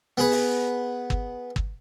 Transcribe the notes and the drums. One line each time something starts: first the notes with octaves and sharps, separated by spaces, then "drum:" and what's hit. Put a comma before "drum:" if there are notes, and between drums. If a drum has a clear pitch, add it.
B3 G#4 B4
drum: open hi-hat
drum: kick
drum: kick